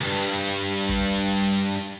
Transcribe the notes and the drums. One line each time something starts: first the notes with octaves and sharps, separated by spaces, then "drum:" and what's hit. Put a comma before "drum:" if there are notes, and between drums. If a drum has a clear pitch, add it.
C#2 G2
drum: hi-hat
drum: hi-hat
drum: open hi-hat
drum: hi-hat
drum: kick, hi-hat
drum: hi-hat
drum: hi-hat
drum: hi-hat
drum: hi-hat